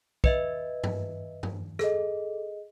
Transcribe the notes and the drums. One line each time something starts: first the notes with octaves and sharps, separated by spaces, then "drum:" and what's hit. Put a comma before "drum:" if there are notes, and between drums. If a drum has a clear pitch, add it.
B4 D#5 E5, drum: kick
drum: tom G2
drum: tom G2
G#4 A4 D#5, drum: rim click